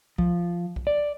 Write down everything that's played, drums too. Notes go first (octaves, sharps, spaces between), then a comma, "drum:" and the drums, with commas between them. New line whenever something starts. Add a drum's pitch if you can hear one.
F3, drum: kick
drum: kick
D5